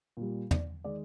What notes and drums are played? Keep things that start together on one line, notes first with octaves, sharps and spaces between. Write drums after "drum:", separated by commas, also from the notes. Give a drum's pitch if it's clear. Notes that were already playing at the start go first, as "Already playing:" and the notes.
A#2 G3
D5, drum: tom
D#3 G#3 D5